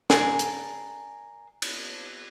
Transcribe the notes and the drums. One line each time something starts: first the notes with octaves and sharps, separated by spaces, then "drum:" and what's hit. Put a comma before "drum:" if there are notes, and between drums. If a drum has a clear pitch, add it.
G#4 A#4 D5 A5, drum: snare
drum: hi-hat
drum: cymbal